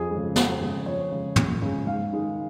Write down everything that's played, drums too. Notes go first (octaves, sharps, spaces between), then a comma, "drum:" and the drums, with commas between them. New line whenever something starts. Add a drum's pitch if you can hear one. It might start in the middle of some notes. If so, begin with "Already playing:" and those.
Already playing: F2 G#4
C#3 G#3
F2, drum: snare
C#3 G#3
F2 C#5
C#3 G#3
F2, drum: tom
C#3 G#3
G#2 F5
D#3 G#3